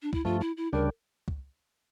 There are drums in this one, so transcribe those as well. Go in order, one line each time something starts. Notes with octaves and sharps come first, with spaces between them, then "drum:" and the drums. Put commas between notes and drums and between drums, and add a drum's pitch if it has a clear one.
D4
E4, drum: kick C#2
G2 F3 A3 F4
E4
E4
D2 C#3 G3 D4 A#4
drum: kick C#2